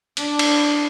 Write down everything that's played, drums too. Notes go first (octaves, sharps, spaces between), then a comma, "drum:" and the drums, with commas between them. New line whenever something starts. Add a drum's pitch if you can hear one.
D4, drum: hi-hat
drum: cymbal